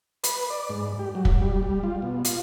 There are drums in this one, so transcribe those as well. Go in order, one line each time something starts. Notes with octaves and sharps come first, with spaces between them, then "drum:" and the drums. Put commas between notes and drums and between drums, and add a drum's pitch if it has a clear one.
B4, drum: hi-hat
D5
G#2
G4
F#3
drum: kick
G3
G3
F4
B2
F4, drum: hi-hat